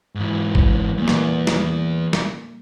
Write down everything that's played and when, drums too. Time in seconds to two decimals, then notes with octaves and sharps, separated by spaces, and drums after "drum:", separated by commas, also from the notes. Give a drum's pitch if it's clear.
0.15 G#2 E3
0.55 drum: kick G#1
0.98 E2 G3 A#3
1.08 drum: snare
1.47 drum: snare
2.13 drum: snare